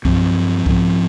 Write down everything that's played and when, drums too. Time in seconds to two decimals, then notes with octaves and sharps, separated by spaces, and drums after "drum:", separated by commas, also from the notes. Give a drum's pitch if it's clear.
0.05 G2 F3 C4, drum: kick C2
0.66 G#2 F3 C4, drum: kick C2